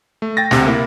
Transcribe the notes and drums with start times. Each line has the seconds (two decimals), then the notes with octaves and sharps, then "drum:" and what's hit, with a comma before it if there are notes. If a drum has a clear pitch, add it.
0.22 A3
0.37 G5 A6 A#6
0.51 D2 C3, drum: snare
0.66 A#3 E4